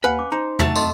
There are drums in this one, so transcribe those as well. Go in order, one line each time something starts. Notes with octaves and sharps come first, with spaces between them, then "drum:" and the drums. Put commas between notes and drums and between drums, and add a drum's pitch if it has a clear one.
D#2 B4 F5 F#5 G#5
C#4 D6
D#4 C5 A#5
F#3 A3 A5, drum: tom
F2 A4 D#5 C6, drum: tambourine